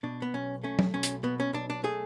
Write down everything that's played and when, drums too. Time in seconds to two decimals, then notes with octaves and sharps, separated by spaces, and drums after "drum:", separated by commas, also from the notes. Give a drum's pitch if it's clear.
0.03 B2 D4
0.22 B3
0.34 B1 C#4
0.64 A3 C#4
0.79 drum: tom
0.94 B1 C#4
1.03 drum: hi-hat
1.23 B2 B3
1.40 C#4
1.53 B1 D4
1.70 D4
1.84 A3 G#4